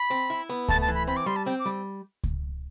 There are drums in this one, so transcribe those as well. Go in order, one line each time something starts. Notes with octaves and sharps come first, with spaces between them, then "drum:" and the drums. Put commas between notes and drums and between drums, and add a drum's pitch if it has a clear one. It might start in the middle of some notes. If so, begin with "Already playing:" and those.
Already playing: B5
C4
E4
B3
A3 A5, drum: kick C#2
A5
E3
B5
C4 B5
D6
G3 C6
A5
C4 G5
D6
G3
drum: kick C#2